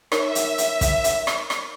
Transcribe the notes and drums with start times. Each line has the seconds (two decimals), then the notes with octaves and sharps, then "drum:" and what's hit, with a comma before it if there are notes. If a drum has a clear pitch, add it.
0.12 D#4 A#4 C#5 E5, drum: rim click
0.35 drum: hi-hat
0.58 drum: hi-hat
0.81 drum: kick, hi-hat
1.04 drum: hi-hat
1.27 drum: rim click
1.50 drum: rim click